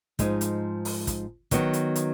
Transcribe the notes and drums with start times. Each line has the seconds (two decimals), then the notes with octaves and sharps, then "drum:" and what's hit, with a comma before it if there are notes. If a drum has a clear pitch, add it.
0.19 G#2 F3 G#3 D#4, drum: kick, hi-hat
0.41 drum: hi-hat
0.85 drum: open hi-hat
1.07 drum: kick, hi-hat
1.51 D#3 F#3 B3, drum: kick, hi-hat
1.73 drum: hi-hat
1.96 drum: hi-hat